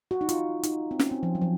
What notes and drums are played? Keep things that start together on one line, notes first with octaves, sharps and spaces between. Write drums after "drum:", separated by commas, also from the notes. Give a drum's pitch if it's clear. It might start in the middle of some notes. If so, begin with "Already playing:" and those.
F#4
D#4
F4, drum: hi-hat
D#4, drum: hi-hat
C4
C#4, drum: snare
C4
F3
F#3
F3